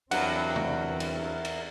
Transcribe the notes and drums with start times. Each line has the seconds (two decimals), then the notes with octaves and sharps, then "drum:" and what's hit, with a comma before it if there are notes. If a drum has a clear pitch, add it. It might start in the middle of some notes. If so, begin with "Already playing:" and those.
0.11 E2 G2 F#3 C4 E4 A#4 F#5, drum: cymbal
0.56 drum: tom C3
1.00 drum: cymbal
1.45 drum: cymbal